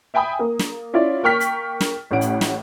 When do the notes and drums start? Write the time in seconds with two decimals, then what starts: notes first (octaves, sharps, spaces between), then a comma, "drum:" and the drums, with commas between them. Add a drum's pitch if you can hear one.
0.14 E5 G5 G#5 B5 D#6
0.39 A#3
0.59 drum: snare
0.93 C#4 E4 F4 C#5 D5
1.23 A#3 G5 C#6 F6 B6
1.40 drum: hi-hat
1.81 drum: snare
2.11 A1 A2 C#4 F#5 D7
2.21 drum: hi-hat
2.41 drum: snare